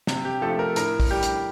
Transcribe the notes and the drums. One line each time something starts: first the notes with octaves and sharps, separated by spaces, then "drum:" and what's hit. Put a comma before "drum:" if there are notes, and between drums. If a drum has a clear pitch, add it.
C3, drum: snare
G4
F3 A3 A4
A#4
A2 A#4, drum: hi-hat
drum: kick, open hi-hat
G3 G4
drum: hi-hat